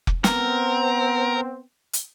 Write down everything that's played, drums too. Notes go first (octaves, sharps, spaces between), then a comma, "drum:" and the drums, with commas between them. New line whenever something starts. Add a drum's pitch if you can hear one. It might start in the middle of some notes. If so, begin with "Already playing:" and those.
drum: kick F1
B3 C4 A#4, drum: snare
drum: hi-hat